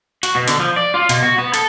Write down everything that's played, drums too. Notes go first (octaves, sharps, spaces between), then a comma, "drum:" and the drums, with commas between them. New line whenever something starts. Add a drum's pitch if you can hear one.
F#4, drum: hi-hat
B2
D3, drum: hi-hat
F3
D5
F4
B2, drum: hi-hat
F#4
B3
A4, drum: hi-hat